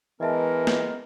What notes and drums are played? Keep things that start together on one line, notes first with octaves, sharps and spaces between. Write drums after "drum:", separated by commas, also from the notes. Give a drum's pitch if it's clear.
E3 G#3 B3 A#4 D#5 E5 A5
drum: snare